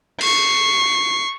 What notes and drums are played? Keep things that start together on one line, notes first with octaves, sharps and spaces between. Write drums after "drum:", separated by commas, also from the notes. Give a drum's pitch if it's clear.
C#6 C7, drum: cymbal